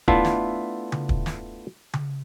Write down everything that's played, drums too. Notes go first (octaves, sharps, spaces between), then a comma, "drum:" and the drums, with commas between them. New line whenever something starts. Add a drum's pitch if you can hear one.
A3 B3 D4 E4 F4 A4, drum: kick
drum: snare
drum: tom C#3
drum: kick
drum: snare
drum: tom C#3